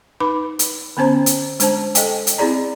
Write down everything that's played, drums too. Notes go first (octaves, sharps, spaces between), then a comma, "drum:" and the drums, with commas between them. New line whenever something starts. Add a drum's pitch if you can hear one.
D#4 B4 B5 D6
drum: hi-hat
D3 B3 C#4 C5 A#5
drum: hi-hat
G#3 D4 C5 A5, drum: hi-hat
A4 D#5 G5 G#5, drum: hi-hat
drum: hi-hat
C4 E4 G#4 D5 A#5